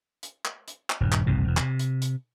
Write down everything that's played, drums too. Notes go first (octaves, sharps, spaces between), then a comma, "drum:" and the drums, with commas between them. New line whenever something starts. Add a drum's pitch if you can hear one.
drum: hi-hat
drum: clap
drum: hi-hat
drum: clap
D#1 G2
drum: clap
F#1 C2 G#2 C3
E1 E2
C3, drum: clap
drum: hi-hat
drum: hi-hat